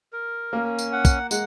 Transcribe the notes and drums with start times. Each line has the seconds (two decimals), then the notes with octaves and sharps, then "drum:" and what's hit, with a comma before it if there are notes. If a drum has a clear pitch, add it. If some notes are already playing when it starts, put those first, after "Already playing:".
0.13 A#4
0.52 A#3 C#4
0.79 drum: tambourine
0.92 F#5
1.05 drum: kick, tambourine
1.31 G#3 F#5, drum: tambourine